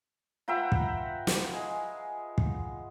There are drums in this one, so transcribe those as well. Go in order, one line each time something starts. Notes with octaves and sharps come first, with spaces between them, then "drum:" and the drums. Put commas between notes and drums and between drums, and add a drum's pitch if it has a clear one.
F4 B4 E5 F#5 G5 A#5
drum: kick
drum: snare
G#3 G#5
drum: kick